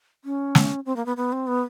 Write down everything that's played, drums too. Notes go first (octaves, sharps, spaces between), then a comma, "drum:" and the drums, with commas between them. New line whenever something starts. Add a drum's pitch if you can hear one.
C#4
drum: snare
C4
A#3
B3
B3
C4
B3